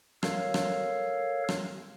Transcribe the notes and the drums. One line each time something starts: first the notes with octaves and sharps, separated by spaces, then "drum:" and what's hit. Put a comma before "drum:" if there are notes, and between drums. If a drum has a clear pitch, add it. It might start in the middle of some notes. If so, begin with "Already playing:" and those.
A4 A#4 C#5 F5, drum: rim click
drum: rim click
drum: rim click